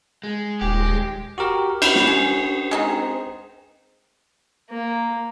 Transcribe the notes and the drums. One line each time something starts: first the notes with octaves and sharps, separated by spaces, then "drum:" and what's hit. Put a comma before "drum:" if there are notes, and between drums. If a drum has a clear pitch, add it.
G#3
D#1 G4
F#4 G4 A#4
E4 B4 G6, drum: cymbal
drum: snare
C#4
G#3 C4 D#4
A#3